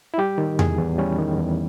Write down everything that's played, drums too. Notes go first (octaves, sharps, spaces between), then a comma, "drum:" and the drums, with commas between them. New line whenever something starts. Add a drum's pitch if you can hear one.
E4
G3 G4
D#3
E2 G#4, drum: tom E2
E2
G3 C#4
D#3
E2